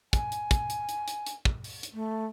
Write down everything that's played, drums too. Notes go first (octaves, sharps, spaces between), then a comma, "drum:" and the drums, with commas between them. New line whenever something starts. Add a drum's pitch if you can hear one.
G#5, drum: kick, hi-hat
drum: hi-hat
drum: kick, hi-hat
drum: hi-hat
drum: hi-hat
drum: hi-hat
drum: hi-hat
drum: kick
drum: open hi-hat
drum: hi-hat
A3